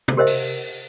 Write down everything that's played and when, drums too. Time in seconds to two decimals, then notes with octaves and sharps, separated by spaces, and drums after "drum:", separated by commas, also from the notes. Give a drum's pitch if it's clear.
0.08 drum: tom
0.17 G4 A#4 C5 D#5 E5
0.27 drum: open hi-hat